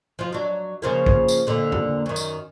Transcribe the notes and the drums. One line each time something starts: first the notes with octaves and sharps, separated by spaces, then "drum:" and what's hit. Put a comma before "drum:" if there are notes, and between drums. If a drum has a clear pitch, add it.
F3 F4
F#3 D4
C#3 F3 A#3
drum: kick
drum: tambourine
A#2 D3
drum: tom
F#2 D#3
drum: tambourine